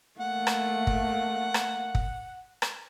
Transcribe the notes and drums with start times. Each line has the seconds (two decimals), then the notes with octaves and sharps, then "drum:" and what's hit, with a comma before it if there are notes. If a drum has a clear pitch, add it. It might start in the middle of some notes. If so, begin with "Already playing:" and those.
0.20 A3 A#3 F#5
0.47 drum: rim click
0.87 drum: kick
1.54 drum: rim click
1.95 drum: kick
2.62 drum: rim click